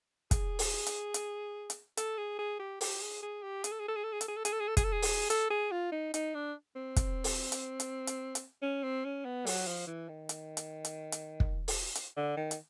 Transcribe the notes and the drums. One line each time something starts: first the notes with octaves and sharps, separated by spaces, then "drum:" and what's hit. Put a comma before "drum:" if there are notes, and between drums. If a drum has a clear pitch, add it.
G#4, drum: kick, hi-hat
drum: open hi-hat
drum: hi-hat
drum: hi-hat
drum: hi-hat
A4, drum: hi-hat
G#4
G#4
G4
G4, drum: open hi-hat
G#4
G#4
G4
G#4, drum: hi-hat
A4
G#4
A4
G#4
A4
G#4
A4, drum: hi-hat
G#4
A4
G#4, drum: hi-hat
A4
G#4
A4
G#4, drum: kick, hi-hat
A4
G#4
drum: open hi-hat
A4, drum: hi-hat
G#4
F4
D#4
D#4, drum: hi-hat
D4
C4
drum: kick, hi-hat
drum: open hi-hat
drum: hi-hat
drum: hi-hat
drum: hi-hat
drum: hi-hat
C#4
C4
C#4
B3
F#3, drum: open hi-hat
F3
E3
D#3
drum: hi-hat
drum: hi-hat
drum: hi-hat
drum: hi-hat
drum: kick
drum: open hi-hat
drum: hi-hat
D3
D#3
drum: hi-hat